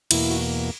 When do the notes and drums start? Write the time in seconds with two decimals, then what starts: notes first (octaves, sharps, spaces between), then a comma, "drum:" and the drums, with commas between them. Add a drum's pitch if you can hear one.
0.11 E2 B2 A#3 E4, drum: cymbal
0.30 F#4